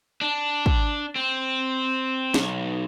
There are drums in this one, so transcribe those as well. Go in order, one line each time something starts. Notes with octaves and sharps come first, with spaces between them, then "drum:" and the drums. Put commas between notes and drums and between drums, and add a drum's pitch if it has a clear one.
D4
drum: kick
C4
B1, drum: snare